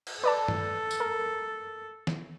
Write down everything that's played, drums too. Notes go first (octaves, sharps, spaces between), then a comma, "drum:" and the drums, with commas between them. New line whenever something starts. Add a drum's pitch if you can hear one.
drum: cymbal
A4 B4 D5 A5
drum: tom G2
drum: tambourine
A#4
drum: snare